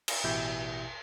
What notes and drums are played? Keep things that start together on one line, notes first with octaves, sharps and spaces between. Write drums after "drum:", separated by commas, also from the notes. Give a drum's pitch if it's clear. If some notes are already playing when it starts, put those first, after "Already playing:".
drum: cymbal
A1 B2 E4 G4 E5 G6